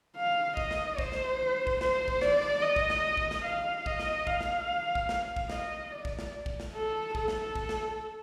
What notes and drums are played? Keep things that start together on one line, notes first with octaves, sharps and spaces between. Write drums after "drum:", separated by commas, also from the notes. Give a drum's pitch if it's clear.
F5
D#5, drum: kick
drum: snare
C5, drum: kick
drum: snare
drum: kick
C5, drum: snare
drum: kick
D5, drum: snare
D#5
drum: kick
drum: snare
drum: kick
drum: snare
F5
D#5, drum: kick
drum: snare
F5, drum: kick
drum: snare
drum: kick
drum: snare
drum: kick
D#5, drum: snare
D5
drum: kick
drum: snare
drum: kick
drum: snare
A4
A4, drum: kick
drum: snare
drum: kick
drum: snare